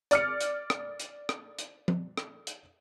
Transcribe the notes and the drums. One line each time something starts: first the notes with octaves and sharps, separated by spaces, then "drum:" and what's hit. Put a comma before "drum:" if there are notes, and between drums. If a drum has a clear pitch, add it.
D5 F6 C#7, drum: hi-hat
drum: hi-hat
drum: rim click
drum: hi-hat
drum: rim click
drum: hi-hat
drum: tom F3
drum: rim click
drum: hi-hat